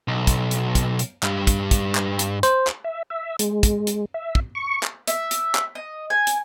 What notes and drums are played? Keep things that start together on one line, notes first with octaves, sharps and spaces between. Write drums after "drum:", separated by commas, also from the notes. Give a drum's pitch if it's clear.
B1
drum: kick, hi-hat
drum: hi-hat
drum: kick, hi-hat
drum: hi-hat
G2, drum: clap
drum: kick, hi-hat
drum: kick, hi-hat
drum: clap
drum: hi-hat
C5, drum: hi-hat
drum: clap
E5
E5
G#3, drum: hi-hat
drum: kick, hi-hat
drum: hi-hat
E5
drum: kick
C#6
drum: clap
E5, drum: hi-hat
drum: hi-hat
drum: clap
D#5
G#5
drum: hi-hat